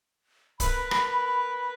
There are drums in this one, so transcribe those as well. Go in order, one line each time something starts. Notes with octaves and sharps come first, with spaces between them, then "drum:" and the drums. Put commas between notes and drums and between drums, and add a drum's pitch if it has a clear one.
A#4 B4 B5, drum: kick, hi-hat
drum: rim click